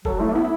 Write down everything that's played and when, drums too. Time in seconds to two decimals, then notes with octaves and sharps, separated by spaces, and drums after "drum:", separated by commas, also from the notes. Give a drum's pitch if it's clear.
0.05 F#3 A4, drum: kick
0.20 A3 E4
0.35 B3 E4